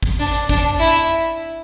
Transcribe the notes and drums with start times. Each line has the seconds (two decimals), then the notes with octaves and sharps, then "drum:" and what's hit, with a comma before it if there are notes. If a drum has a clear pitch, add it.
0.03 drum: kick G#1
0.20 D4
0.31 drum: hi-hat
0.49 D4, drum: kick G#1
0.79 E4